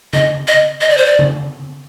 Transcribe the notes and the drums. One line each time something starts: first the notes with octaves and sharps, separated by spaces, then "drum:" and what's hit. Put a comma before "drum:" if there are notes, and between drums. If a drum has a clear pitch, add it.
D#5, drum: tom C#3
D#5
D#5
D5
C5
D5
drum: tom C#3